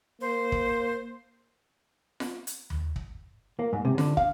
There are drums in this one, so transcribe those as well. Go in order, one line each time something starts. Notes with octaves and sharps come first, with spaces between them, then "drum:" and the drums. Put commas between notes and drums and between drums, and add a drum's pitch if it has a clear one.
A#3 C5
drum: kick
drum: snare F4
drum: hi-hat
drum: tom D#2
drum: kick
A#3
G#2
C3
D3, drum: snare F4
F5, drum: kick